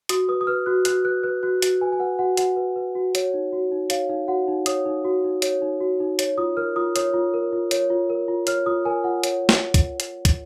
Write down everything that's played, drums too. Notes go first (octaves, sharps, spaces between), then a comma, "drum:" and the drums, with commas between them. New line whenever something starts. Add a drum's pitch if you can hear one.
F#4 D#6, drum: hi-hat
B4 D#6
D#6
B4 F6
F#4 F#6
F#4 F#6, drum: hi-hat
B4 F#6
B4 F#6
F#4 F#6
F#4, drum: hi-hat
B4 G#5
G#5
B4 F#5
F#4 F#5
F#4 F#5, drum: hi-hat
B4
B4
F#4
C#5, drum: hi-hat
D#4
F#4
D#4
C#5 F5, drum: hi-hat
D#4 F5
F#4 F#5
D#4
C#5 D#6, drum: hi-hat
D#4
F#4
D#4
C#5, drum: hi-hat
D#4
F#4
D#4
C#5, drum: hi-hat
F4 D#6
A#4 F6
F4 D#6
C#5 D#6, drum: hi-hat
F4
A#4
F4
C#5, drum: hi-hat
F4
A#4
F4
C#5 F6, drum: hi-hat
F4 D#6
A#4 G#5
F4 F#5
C#5, drum: hi-hat
drum: snare
drum: kick, hi-hat
drum: hi-hat
drum: kick, hi-hat